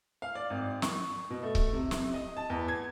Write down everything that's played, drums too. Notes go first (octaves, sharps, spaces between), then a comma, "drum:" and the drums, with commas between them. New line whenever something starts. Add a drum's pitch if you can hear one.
F5
D5
G#1
C#6, drum: snare
B2
A3
drum: kick C#1
C3
drum: snare
D#5
A5
E2
G#6